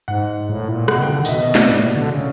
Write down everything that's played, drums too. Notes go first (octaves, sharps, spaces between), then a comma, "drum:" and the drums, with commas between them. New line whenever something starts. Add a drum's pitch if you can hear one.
G#2 F#5
A2
A#2
B2 F#5, drum: rim click
C#3 G5
D3
D#3 F#5
D#5, drum: tambourine
B2 E5
D#5
D5, drum: snare
A2
B2
D3
C#3